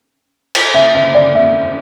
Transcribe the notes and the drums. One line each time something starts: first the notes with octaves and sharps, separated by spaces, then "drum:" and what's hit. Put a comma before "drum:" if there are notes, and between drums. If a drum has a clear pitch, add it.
drum: cymbal
E5
E5
D5
E5